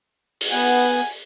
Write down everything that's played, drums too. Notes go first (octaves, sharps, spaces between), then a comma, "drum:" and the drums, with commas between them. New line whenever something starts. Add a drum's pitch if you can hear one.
drum: open hi-hat
B3 F#5 G#5